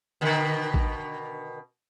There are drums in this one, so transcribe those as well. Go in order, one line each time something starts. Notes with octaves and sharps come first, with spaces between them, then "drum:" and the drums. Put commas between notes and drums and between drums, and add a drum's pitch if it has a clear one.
B2 D3 D#3
drum: kick